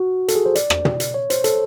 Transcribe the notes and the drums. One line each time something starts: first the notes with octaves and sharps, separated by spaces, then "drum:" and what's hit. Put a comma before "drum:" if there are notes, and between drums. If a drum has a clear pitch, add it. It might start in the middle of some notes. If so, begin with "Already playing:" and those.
Already playing: F#4
A4, drum: hi-hat
G#4
C5
D5, drum: hi-hat
drum: rim click
drum: tom
drum: hi-hat
C#5
C5, drum: hi-hat
A4, drum: hi-hat